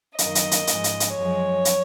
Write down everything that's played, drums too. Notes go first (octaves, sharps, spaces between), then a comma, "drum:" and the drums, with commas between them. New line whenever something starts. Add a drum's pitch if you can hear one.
F#2 D#3 A#3 D#5, drum: hi-hat
drum: hi-hat
drum: hi-hat
G#2 F3 G#3, drum: hi-hat
drum: hi-hat
drum: hi-hat
F#2 F3 G#3 C#5
drum: hi-hat